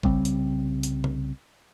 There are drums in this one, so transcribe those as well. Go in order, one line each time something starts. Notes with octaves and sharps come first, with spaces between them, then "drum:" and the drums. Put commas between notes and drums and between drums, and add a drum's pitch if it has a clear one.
C2 C#3 G3 C4, drum: kick G#1
drum: hi-hat
drum: hi-hat
drum: tom C3